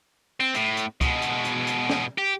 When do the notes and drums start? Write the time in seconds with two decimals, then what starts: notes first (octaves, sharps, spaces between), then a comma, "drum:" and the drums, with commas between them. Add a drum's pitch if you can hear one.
0.40 C4
0.55 A2, drum: hi-hat
0.77 drum: hi-hat
1.01 B2 G#3, drum: kick, hi-hat
1.22 drum: hi-hat
1.45 drum: hi-hat
1.67 drum: hi-hat
1.90 drum: snare
2.18 G4